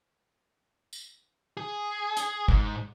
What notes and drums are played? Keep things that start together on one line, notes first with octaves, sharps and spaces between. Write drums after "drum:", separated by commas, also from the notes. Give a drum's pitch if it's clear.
drum: tambourine
G#4
drum: hi-hat
G#2, drum: kick